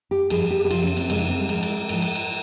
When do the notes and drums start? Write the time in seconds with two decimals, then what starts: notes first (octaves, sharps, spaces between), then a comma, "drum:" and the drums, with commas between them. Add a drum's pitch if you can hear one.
0.11 G4
0.30 G2 F3 G#4, drum: cymbal
0.51 G4
0.65 G4
0.71 F2 C#3 F3 F4, drum: cymbal
0.84 C#4
0.97 C4, drum: cymbal
1.10 F2 C#3 F3 G#3, drum: cymbal
1.20 D#4
1.29 C4
1.40 G3
1.49 G#2 F3 G#3, drum: cymbal
1.63 drum: cymbal
1.89 G#2 F3, drum: cymbal
2.02 drum: cymbal
2.15 drum: cymbal